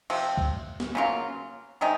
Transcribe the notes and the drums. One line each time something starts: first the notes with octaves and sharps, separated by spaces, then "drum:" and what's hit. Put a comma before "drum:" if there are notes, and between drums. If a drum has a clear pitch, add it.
C3 F3 C4, drum: cymbal
drum: kick C#2
drum: snare
C#3 F#3 A#3 F4
C3 D#3 G#3 D#4